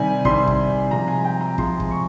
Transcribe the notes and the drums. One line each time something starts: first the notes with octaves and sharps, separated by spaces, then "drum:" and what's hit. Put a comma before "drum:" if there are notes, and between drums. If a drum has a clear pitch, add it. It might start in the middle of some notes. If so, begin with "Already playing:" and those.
Already playing: C3 D#3 G3 G#5
C3 D#3 G3 C6, drum: kick
drum: kick
C3 F3 G#3 A#5
G#5
G5
A#5
C3 F3 G#3 C6, drum: kick
drum: kick
C#6